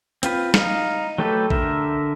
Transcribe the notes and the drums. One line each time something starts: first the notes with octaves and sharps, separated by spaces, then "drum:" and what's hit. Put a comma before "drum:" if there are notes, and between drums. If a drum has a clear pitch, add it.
C4 F4 B4, drum: hi-hat
D#4 F5, drum: snare
F#3 A3 G4 A4 B4
D3 A#4 E5, drum: kick A1